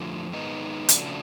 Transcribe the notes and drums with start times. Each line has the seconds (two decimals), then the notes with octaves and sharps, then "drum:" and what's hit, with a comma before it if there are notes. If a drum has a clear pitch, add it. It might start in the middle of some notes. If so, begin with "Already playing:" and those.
Already playing: F2 D3 F3 A3
0.32 D#3 G#3 B3 D#4
0.89 C#3 F3 A3 D4 F#4, drum: hi-hat